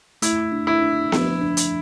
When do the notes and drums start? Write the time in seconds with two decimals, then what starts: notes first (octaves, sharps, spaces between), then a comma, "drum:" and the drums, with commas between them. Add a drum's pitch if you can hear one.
0.22 A3 E4, drum: hi-hat
0.52 D4
0.67 E4
0.82 D4
1.12 F3, drum: snare B3
1.42 D4
1.57 drum: hi-hat